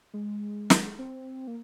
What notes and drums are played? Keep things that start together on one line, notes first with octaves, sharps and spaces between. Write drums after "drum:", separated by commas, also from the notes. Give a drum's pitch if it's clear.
G#3
drum: snare
C4
A#3